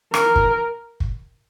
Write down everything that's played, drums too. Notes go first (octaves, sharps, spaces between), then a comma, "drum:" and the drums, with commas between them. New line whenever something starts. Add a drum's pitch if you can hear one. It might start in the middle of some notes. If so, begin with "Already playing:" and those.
A#4, drum: rim click
drum: kick
drum: kick